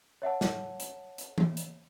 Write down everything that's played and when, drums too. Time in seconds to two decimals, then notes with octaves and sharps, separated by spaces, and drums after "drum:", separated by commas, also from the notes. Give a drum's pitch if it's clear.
0.22 C#5 E5 F#5 A5
0.41 drum: snare
0.80 drum: hi-hat
1.18 drum: hi-hat
1.38 drum: tom E3
1.57 drum: hi-hat